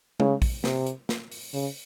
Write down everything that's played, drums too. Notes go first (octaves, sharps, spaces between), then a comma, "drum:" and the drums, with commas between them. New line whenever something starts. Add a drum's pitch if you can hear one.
C#3, drum: tom G#3
drum: kick, open hi-hat
C3, drum: snare
drum: hi-hat
drum: snare
drum: open hi-hat
C#3, drum: open hi-hat